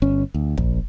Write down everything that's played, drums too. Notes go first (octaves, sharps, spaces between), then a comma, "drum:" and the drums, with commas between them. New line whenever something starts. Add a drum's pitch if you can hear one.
G1 C#4
D2
A#1, drum: kick